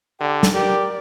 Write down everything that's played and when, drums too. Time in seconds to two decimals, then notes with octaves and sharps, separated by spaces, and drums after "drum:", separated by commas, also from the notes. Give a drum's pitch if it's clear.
0.21 D3 G4
0.43 drum: snare
0.54 G4 A#4 D5